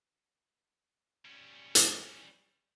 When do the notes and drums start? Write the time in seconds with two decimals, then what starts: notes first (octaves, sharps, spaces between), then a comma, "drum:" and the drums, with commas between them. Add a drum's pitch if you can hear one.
1.25 G3 C#4
1.75 drum: hi-hat